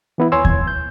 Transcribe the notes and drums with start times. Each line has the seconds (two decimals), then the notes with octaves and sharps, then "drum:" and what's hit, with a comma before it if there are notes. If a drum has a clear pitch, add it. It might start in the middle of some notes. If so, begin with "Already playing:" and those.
0.18 E3 B3 E4
0.32 D#2 C#5 G#5 C6 E6
0.45 G#6, drum: kick D#2
0.68 G6